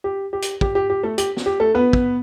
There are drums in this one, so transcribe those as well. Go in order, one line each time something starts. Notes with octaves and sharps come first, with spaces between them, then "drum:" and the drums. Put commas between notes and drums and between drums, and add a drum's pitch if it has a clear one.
G4
G4
drum: hi-hat
G4, drum: kick
G4
G4
A3 A4
G4, drum: hi-hat
drum: snare
G4
A3 A4
B3 B4
drum: kick